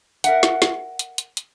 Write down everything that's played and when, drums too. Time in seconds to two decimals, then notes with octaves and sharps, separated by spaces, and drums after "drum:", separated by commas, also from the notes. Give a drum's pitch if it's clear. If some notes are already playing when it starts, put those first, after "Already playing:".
0.24 A#4 E5 F#5, drum: hi-hat
0.43 drum: snare
0.62 drum: snare
0.99 drum: hi-hat
1.18 drum: hi-hat
1.37 drum: hi-hat